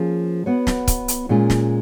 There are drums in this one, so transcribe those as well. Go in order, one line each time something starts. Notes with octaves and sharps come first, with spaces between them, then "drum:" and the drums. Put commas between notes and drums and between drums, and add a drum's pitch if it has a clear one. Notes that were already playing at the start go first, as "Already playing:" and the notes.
Already playing: F3 A#3 C#4 G#4
B3 F#4 C#5
drum: snare
drum: kick, hi-hat
drum: hi-hat
A#2 G#3 C#4 F4
drum: snare